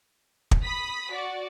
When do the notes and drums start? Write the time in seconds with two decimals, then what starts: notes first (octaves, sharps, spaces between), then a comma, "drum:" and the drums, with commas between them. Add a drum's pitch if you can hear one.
0.51 drum: kick
0.64 B5 D#6 B6
1.11 F#4 D5